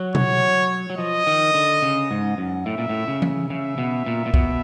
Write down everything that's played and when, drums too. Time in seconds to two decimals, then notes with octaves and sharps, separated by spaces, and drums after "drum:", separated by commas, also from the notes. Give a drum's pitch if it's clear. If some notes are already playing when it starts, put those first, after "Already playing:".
Already playing: F#3
0.15 C#5, drum: tom B2
0.90 F#3
0.98 F3 D#5
1.27 D#3
1.54 D3
1.82 C#3
2.11 G#2
2.38 F#2
2.66 A2 E5
2.78 A#2
2.89 A2
3.08 C#3
3.22 drum: tom E3
3.50 C#3 E5
3.78 B2
4.06 A#2
4.26 A#2
4.34 B2, drum: kick